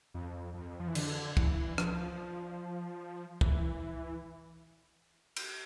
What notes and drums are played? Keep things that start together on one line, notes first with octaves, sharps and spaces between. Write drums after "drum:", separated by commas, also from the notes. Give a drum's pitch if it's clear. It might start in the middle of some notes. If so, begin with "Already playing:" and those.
F2
F2
F3
E3
D3, drum: cymbal
E3, drum: kick
F3, drum: rim click
E3, drum: kick
drum: cymbal